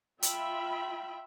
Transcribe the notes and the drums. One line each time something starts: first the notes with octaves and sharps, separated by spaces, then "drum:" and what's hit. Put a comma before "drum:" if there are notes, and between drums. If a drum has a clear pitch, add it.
F4 E5 G5 B5, drum: hi-hat